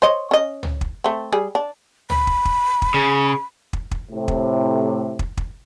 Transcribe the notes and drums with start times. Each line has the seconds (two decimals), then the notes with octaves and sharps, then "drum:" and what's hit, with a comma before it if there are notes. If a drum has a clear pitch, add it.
0.02 C5 C#5 D#5
0.31 C#4 D#5
0.63 drum: tom
0.81 drum: kick
1.04 A3 C4
1.32 G3 G#4
1.55 D4
2.10 B5, drum: tom
2.27 drum: kick
2.45 drum: kick
2.82 drum: kick
2.94 C#3
3.73 drum: kick
3.91 drum: kick
4.10 A2 C3
4.28 drum: kick
5.19 drum: kick
5.37 drum: kick